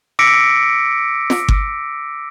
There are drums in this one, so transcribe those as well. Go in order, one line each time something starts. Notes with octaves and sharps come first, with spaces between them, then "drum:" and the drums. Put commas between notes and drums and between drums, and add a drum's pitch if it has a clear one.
D6 E6 A#6 B6 C#7 D7
drum: snare
drum: kick G1